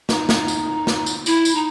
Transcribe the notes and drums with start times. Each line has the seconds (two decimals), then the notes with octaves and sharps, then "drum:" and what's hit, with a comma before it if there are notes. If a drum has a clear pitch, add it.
0.09 D#4, drum: snare
0.29 drum: snare
0.48 drum: tambourine
0.87 drum: snare
1.06 drum: tambourine
1.26 E4, drum: tambourine
1.45 drum: tambourine
1.55 D#4